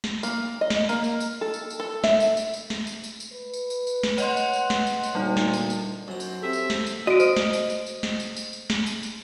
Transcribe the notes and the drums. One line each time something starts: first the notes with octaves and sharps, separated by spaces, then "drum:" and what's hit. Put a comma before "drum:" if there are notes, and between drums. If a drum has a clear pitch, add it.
drum: snare
A#3, drum: tambourine
D#5
drum: snare
A#3, drum: tambourine
drum: tambourine
drum: tambourine
A4
drum: tambourine
drum: tambourine
A4
E5, drum: snare
drum: tambourine
drum: tambourine
drum: tambourine
drum: snare
drum: tambourine
drum: tambourine
drum: tambourine
B4
drum: tambourine
drum: tambourine
drum: tambourine
drum: snare
C#5 D#5 F#5 C6, drum: tambourine
drum: tambourine
drum: tambourine
drum: snare
drum: tambourine
drum: tambourine
D2 A#2 G3 D#4
drum: snare
drum: tambourine
drum: tambourine
F#2 C5 A#5
drum: tambourine
C4 G4 A4 E5
drum: tambourine
drum: snare
drum: tambourine
F#4 D#5 D7
C5, drum: tambourine
drum: snare
drum: tambourine
drum: tambourine
drum: tambourine
drum: snare
drum: tambourine
drum: tambourine
drum: tambourine
drum: snare
drum: tambourine
drum: tambourine